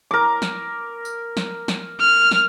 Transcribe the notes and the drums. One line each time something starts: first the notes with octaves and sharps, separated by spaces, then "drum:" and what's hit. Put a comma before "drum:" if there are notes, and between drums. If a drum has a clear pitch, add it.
A#4 D6
drum: snare
drum: tambourine
drum: snare
drum: snare
F6
drum: snare